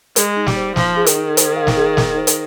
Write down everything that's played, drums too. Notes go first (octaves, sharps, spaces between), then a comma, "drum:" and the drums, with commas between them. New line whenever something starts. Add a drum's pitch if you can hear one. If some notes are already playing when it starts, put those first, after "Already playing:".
G#3 G#4, drum: hi-hat
D#4
G3, drum: snare
C5
F3 F5, drum: snare
G#4
D#3, drum: hi-hat
D#4
C5, drum: hi-hat
F5
drum: snare
G#4
D#4, drum: snare
C5
drum: hi-hat